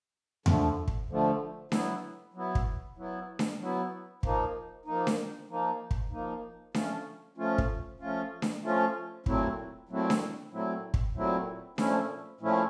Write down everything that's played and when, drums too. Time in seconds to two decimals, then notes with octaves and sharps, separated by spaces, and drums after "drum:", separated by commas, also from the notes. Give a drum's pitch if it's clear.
0.46 D3 F3 A3, drum: tom E2
0.88 drum: kick
1.09 D3 F3 A3
1.72 F#3 B3 E4, drum: snare D4
2.34 F#3 B3 E4
2.55 drum: kick
2.97 F#3 B3 E4
3.39 drum: snare D4
3.60 F#3 B3 E4
4.23 F3 A#3 D#4, drum: kick
4.86 F3 A#3 D#4
5.07 drum: snare D4
5.49 F3 A#3 D#4
5.91 drum: kick
6.12 F3 A#3 D#4
6.74 F3 A3 C#4 F4, drum: snare D4
7.37 F3 A3 C#4 F4
7.58 drum: kick
8.00 F3 A3 C#4 F4
8.42 drum: snare D4
8.63 F3 A3 C#4 F4
9.26 A#2 F#3 A3 C4 E4, drum: kick
9.89 A#2 F#3 A3 C4 E4
10.10 drum: snare D4
10.52 A#2 F#3 A3 C4 E4
10.94 drum: kick
11.15 A#2 F#3 A3 C4 E4
11.78 A#2 F3 A3 C#4 E4, drum: snare D4
12.41 A#2 F3 A3 C#4 E4